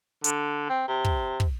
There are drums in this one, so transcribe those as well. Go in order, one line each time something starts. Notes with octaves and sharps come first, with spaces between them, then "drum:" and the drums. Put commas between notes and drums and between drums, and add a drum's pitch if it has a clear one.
D3, drum: hi-hat
C4
C3
drum: kick
drum: kick